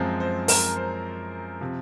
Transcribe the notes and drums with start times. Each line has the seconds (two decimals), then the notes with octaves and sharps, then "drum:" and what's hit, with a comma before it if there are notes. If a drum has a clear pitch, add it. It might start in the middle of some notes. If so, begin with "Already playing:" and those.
Already playing: F#2 F3 G#3 C4
0.20 C5
0.48 A#4, drum: open hi-hat
0.76 C5
1.61 C3 F3